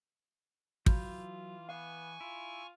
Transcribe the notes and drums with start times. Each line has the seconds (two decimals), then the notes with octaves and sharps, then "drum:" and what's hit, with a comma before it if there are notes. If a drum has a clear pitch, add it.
0.86 E3 F#3 F4 B5 G6, drum: kick
1.69 B3 F5 G#5 C#6
2.21 E4 F4